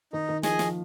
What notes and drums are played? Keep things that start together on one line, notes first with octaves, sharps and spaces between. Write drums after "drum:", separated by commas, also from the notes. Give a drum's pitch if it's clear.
D#3 D#4
D#3
F3 G#4 D#5 G#5, drum: snare
F3, drum: snare